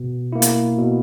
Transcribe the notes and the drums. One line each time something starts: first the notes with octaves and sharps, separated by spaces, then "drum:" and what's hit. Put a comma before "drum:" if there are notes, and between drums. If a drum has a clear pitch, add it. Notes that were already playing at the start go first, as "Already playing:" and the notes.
Already playing: B2
A#3 E4
drum: hi-hat
B2